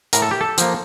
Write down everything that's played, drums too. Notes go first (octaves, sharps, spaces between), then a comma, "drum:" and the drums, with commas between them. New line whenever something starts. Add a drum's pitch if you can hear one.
A2 A#4, drum: hi-hat
A4
G4
A4
F3 A#3, drum: hi-hat